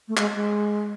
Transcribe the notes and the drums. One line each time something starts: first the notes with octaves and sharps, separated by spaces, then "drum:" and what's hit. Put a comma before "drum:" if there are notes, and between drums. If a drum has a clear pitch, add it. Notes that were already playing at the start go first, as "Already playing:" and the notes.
A3
G#3, drum: clap
G#3